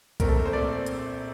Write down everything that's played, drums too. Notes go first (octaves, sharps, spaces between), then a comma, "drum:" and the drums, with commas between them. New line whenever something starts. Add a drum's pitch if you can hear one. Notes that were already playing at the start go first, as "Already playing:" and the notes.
A#1 A#2 A3 C4 A#4, drum: kick B1, hi-hat
A4
A#4
C5
A#1 A#2 A3 C4 D5
drum: hi-hat